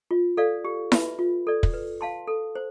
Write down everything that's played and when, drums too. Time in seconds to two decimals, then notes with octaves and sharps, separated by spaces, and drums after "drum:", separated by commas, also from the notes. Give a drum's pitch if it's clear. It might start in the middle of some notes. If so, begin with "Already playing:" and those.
0.11 F4
0.37 A4 D5 F5
0.65 G4
0.92 B4 E5 B5, drum: snare E4
1.19 F4
1.47 A4 D5
1.63 drum: kick
1.74 B4
2.01 F5 A5 C6
2.27 A4
2.55 C5